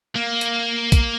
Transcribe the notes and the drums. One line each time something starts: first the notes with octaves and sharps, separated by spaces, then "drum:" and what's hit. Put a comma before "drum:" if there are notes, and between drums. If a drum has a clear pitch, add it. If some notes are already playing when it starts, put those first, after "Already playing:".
A#3
drum: hi-hat
drum: kick, hi-hat